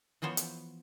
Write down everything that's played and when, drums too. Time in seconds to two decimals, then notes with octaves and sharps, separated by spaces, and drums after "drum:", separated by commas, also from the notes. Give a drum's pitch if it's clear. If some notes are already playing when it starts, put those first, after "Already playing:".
0.22 E3 F3 B3 C5 C#5
0.37 drum: hi-hat